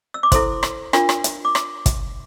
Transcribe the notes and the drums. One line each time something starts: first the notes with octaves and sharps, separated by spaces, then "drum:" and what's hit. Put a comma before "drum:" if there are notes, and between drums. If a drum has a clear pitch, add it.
E6
D6
E4 A4 C5 C6, drum: kick, hi-hat
drum: rim click
D4 F4 A#4, drum: rim click
drum: rim click
drum: hi-hat
D6
drum: rim click
drum: kick, hi-hat